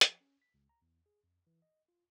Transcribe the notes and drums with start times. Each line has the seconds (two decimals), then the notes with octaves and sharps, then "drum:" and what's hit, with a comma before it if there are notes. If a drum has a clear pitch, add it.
0.01 F3, drum: hi-hat
0.21 C#4
0.42 B6
0.54 C#2
0.69 A#5
0.82 E2
1.06 G#4
1.23 F2
1.47 E3
1.62 D#5
1.88 F4